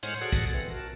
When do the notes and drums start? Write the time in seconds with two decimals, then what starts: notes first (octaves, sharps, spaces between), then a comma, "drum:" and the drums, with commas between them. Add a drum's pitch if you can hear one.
0.03 A2 G#3 C5 C#5 F#5 F6, drum: hi-hat
0.21 F#4 G#4 A4 D5 F#5
0.32 drum: kick, hi-hat
0.54 B2 E3 C4
0.70 F#4 A#4 A5